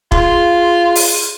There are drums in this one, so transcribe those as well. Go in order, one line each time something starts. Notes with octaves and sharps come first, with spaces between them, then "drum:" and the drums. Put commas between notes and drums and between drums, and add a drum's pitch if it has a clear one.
F4 G#4 C6, drum: kick
drum: open hi-hat